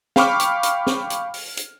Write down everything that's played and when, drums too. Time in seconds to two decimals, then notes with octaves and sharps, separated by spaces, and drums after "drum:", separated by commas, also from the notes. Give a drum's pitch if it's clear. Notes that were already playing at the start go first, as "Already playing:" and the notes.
0.16 F5 G5 B5 C#6 D6 F6, drum: snare
0.39 drum: hi-hat
0.63 drum: hi-hat
0.87 drum: snare
1.10 drum: hi-hat
1.34 drum: open hi-hat
1.57 drum: hi-hat